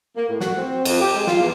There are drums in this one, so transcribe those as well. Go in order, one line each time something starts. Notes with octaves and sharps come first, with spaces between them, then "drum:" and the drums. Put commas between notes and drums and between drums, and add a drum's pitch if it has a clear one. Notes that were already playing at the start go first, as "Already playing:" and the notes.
A#3
A2
F#4, drum: snare
C4
F2, drum: cymbal
G4
G#3
F4, drum: snare
E2